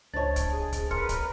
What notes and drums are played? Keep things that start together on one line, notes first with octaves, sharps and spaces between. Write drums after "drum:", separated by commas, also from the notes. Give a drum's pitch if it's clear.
C#2 D4 C5 C#5 D#5 A5 A6
drum: kick, hi-hat
G#4
drum: kick, hi-hat
A#4 B4 C6 F6 C#7, drum: kick
drum: kick, hi-hat